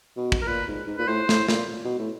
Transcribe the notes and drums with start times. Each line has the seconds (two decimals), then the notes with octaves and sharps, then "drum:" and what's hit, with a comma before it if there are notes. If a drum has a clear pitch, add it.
0.17 B2
0.32 drum: kick
0.42 A#4
0.47 A#2 B4
0.68 G#2
0.87 G#2
0.98 A#2 B4
1.08 A2 C5
1.29 A2, drum: snare
1.48 A#2, drum: snare
1.84 B2
1.99 A2